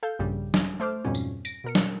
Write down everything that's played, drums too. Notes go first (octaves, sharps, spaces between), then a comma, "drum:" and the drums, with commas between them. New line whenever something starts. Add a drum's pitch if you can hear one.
A4 F5 G6
A#1 G2 C#3 G3
drum: snare
A3 C5 D6 F6
F2 G#2 B2 G3 C#4
drum: tambourine
A#6 D7, drum: tambourine
B2 A#4 C#7
drum: snare